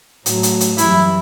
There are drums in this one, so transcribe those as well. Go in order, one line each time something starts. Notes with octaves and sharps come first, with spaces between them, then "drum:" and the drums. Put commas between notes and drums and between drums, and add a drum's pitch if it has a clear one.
A2 F#3, drum: hi-hat
drum: hi-hat
drum: hi-hat
F#2 E3 G3 E4 E5, drum: hi-hat